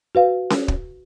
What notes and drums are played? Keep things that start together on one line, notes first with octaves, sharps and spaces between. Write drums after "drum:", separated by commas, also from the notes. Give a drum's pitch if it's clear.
F#4 B4 F5
drum: snare C#4
drum: kick